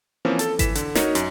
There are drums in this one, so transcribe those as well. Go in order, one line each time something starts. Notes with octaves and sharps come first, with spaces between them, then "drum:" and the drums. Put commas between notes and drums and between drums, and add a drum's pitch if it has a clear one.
E3 F3 A#3 C4 C#4
A4 A5, drum: hi-hat
E3 B6 E7, drum: kick G#1, hi-hat
D3, drum: hi-hat
D#4 F#4 A#4 C#5 D#5, drum: snare
F#2, drum: hi-hat